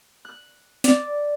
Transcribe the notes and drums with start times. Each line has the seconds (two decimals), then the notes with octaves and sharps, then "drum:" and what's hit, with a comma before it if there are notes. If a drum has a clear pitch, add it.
0.25 F#6
0.84 D5, drum: snare